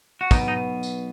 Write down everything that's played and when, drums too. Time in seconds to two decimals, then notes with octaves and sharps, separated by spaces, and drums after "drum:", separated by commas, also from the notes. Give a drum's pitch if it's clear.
0.21 F#4
0.31 B1 B2 B3 D#4, drum: kick, tambourine
0.48 D#4
0.83 drum: tambourine